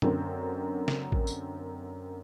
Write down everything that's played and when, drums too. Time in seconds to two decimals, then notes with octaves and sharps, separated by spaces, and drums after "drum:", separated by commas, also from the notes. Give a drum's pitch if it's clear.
0.02 F#2 D3 A#3 C4, drum: tom
0.88 drum: snare C#3
1.12 drum: kick A1
1.27 drum: tambourine